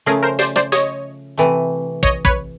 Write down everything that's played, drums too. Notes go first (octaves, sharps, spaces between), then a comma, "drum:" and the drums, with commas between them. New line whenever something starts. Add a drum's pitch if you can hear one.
C#3 F3 A3 G#4 A#4
A#4 C5
C5 D5, drum: hi-hat
C5 D5, drum: rim click
C#5 D#5, drum: hi-hat
C3 E3 A3
C#5 D#5, drum: kick
B4 C#5, drum: kick